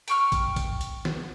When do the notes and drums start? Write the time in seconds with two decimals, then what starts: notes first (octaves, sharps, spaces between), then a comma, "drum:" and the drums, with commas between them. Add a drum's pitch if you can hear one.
0.08 G5 C#6 F6, drum: hi-hat
0.32 drum: kick A1, hi-hat
0.56 drum: kick A1, hi-hat
0.81 drum: hi-hat
1.05 drum: snare